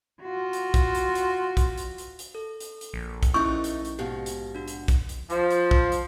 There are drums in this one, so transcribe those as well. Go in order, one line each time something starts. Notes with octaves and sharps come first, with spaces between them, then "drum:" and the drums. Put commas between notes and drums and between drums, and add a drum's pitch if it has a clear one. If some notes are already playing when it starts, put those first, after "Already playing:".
F4 F#4
drum: hi-hat
drum: kick B1, hi-hat
drum: hi-hat
drum: hi-hat
drum: kick B1, hi-hat
drum: hi-hat
drum: hi-hat
drum: hi-hat
A4
drum: hi-hat
drum: hi-hat
A#1
drum: kick B1, hi-hat
A3 C#4 D#4 E4 C#6 G6
drum: hi-hat
drum: hi-hat
G#2 B2 G4 F5
drum: hi-hat
D4 F#4
drum: hi-hat
drum: kick B1, hi-hat
drum: hi-hat
F3, drum: hi-hat
drum: hi-hat
drum: kick B1
drum: hi-hat